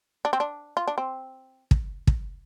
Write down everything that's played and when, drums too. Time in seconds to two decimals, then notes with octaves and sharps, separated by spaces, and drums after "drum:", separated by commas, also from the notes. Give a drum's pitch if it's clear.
0.25 D4
0.33 C4
0.40 D4
0.77 F4
0.88 D4
0.98 C4
1.71 drum: kick
2.07 drum: kick